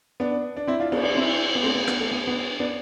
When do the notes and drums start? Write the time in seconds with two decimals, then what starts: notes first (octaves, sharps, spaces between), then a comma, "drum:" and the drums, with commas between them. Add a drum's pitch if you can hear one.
0.20 B3 D4
0.57 D4
0.67 C4 E4
0.80 D4 F4
0.92 B3 D4, drum: cymbal
1.03 B3 D4
1.15 C4 E4
1.55 B3
1.63 A3 C4
1.75 B3
1.88 B3, drum: rim click
2.00 A3
2.11 B3
2.27 B3
2.60 B3 D4